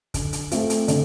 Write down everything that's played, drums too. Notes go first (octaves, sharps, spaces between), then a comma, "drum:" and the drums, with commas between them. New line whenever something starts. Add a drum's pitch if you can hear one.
D3, drum: kick, hi-hat
drum: hi-hat
A3 C4 F4, drum: hi-hat
drum: hi-hat
D3, drum: hi-hat